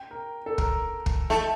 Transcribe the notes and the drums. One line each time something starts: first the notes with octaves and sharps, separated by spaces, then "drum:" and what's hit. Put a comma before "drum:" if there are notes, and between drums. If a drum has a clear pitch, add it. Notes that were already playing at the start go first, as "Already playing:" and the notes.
Already playing: G5
A#4
A4
A#4, drum: kick
drum: kick
A3 G5